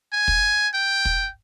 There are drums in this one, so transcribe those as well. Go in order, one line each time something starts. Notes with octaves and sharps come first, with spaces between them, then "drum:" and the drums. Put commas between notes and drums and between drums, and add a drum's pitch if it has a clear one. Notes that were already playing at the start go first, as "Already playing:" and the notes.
G#5
drum: kick
G5
drum: kick